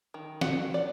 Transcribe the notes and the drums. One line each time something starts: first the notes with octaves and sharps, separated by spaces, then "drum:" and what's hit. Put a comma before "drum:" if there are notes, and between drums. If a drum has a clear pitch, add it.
D#3
F#5, drum: snare
D5